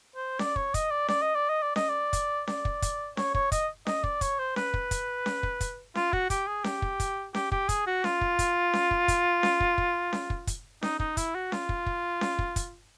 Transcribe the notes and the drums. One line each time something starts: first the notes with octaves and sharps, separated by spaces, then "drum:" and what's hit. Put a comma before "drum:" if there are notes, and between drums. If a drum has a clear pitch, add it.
C5
D5, drum: snare C#4
C#5, drum: kick
D#5, drum: kick, hi-hat
D5
D5, drum: snare C#4
D#5
D5
D#5
D5
D#5, drum: snare C#4
D5
drum: kick, hi-hat
D5, drum: snare C#4
drum: kick
drum: kick, hi-hat
C#5, drum: snare C#4
C#5, drum: kick
D#5, drum: kick, hi-hat
D#5, drum: snare C#4
D5, drum: kick
C#5, drum: kick, hi-hat
C5
B4, drum: snare C#4
drum: kick
drum: kick, hi-hat
drum: snare C#4
drum: kick
drum: kick, hi-hat
F4, drum: snare C#4
F#4, drum: kick
G4, drum: kick, hi-hat
G#4
G4, drum: snare C#4
drum: kick
drum: kick, hi-hat
G4, drum: snare C#4
G4, drum: kick
G#4, drum: kick, hi-hat
F#4
F4, drum: snare C#4
drum: kick
drum: kick, hi-hat
drum: snare C#4
drum: kick
drum: kick, hi-hat
drum: snare C#4
drum: kick
drum: kick
drum: snare C#4
drum: kick
drum: kick, hi-hat
D#4, drum: snare C#4
D#4, drum: kick
E4, drum: kick, hi-hat
F#4
F4, drum: snare C#4
drum: kick
drum: kick
drum: snare C#4
drum: kick
drum: kick, hi-hat